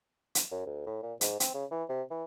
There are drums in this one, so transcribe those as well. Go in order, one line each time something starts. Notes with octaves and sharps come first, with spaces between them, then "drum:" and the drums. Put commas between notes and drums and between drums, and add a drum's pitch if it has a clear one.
drum: hi-hat
F#2
D2
A2
A#2
G#2, drum: hi-hat
C4, drum: hi-hat
C#3
E3
C3
E3